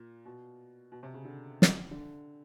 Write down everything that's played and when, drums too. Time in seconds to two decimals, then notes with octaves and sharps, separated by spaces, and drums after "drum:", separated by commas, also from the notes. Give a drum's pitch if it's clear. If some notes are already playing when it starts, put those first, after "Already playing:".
Already playing: A#2
0.25 B2
0.92 B2
1.03 C3
1.14 C#3
1.25 D3
1.62 drum: snare
1.91 D3